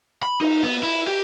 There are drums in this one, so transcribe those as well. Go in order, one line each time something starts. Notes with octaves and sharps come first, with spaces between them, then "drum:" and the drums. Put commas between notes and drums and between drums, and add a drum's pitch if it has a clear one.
B5
D#4, drum: cymbal
B3
E4
G4